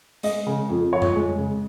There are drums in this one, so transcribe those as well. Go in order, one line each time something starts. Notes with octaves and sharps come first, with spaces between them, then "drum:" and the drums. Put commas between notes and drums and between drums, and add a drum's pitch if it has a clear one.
G#3 D#5, drum: hi-hat
C#3
F2
F3 C#5
drum: tom F2
G#3
C#3